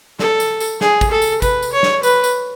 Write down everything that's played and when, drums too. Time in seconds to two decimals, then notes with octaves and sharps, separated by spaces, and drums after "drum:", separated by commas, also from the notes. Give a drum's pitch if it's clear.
0.19 A4, drum: snare
0.40 drum: tambourine
0.60 drum: tambourine
0.81 G#4, drum: snare
1.01 drum: kick, tambourine
1.11 A4
1.22 drum: tambourine
1.42 B4, drum: kick, tambourine
1.63 drum: tambourine
1.73 C#5
1.83 drum: snare
2.03 B4, drum: tambourine
2.24 drum: tambourine